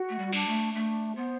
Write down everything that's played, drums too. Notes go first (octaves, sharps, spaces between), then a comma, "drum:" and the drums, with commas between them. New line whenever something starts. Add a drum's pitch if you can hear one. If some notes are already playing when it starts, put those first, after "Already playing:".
Already playing: F#4
A3
G3
D4, drum: cymbal
A3
A3 D4
B3 C5